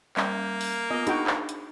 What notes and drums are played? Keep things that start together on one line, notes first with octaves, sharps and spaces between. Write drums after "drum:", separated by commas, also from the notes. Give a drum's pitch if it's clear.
G3 A#3 G6, drum: clap
drum: open hi-hat
B3 F4 D#5
D4 D#4 F#4 G5, drum: hi-hat
drum: clap
drum: hi-hat